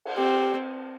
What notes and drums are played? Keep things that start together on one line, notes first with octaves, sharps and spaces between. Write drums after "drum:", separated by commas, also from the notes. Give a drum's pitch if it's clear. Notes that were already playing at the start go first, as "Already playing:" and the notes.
drum: cymbal
C4 G4